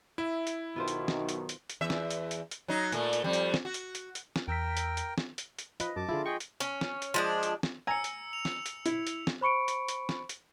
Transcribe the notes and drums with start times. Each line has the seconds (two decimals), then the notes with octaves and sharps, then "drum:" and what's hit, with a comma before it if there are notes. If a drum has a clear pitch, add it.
0.18 E4 E5
0.47 drum: hi-hat
0.76 B1 B2 D#3 B3 F4 C5
0.88 drum: hi-hat
1.08 drum: snare
1.29 drum: hi-hat
1.49 drum: hi-hat
1.70 drum: hi-hat
1.81 E2 E5
1.90 drum: snare
2.10 drum: hi-hat
2.31 drum: hi-hat
2.51 drum: hi-hat
2.68 F#3 D#4
2.92 A#2 A3, drum: hi-hat
3.13 drum: hi-hat
3.24 F2 G3
3.33 drum: hi-hat
3.54 drum: snare
3.65 F#4
3.74 drum: hi-hat
3.95 drum: hi-hat
4.15 drum: hi-hat
4.36 drum: snare
4.48 E2 A#4 G5 E6 B6
4.77 drum: hi-hat
4.97 drum: hi-hat
5.18 drum: snare
5.38 drum: hi-hat
5.59 drum: hi-hat
5.80 F3 B4 D#5, drum: hi-hat
5.96 F#2 A5 D6
6.09 D3 G#3 E4 F4
6.26 G#4 D#5 G5 C#6
6.40 drum: hi-hat
6.60 C#4, drum: hi-hat
6.81 drum: snare
7.02 drum: hi-hat
7.14 F3 G#3 D4
7.43 drum: hi-hat
7.63 drum: snare
7.87 G#5 A#5 E6 C#7
8.04 drum: hi-hat
8.33 F7
8.45 drum: snare
8.66 drum: hi-hat
8.86 E4, drum: hi-hat
9.07 drum: hi-hat
9.27 drum: snare
9.41 C5 B5 C#6 C#7 D7
9.68 drum: hi-hat
9.88 drum: hi-hat
10.09 drum: snare
10.29 drum: hi-hat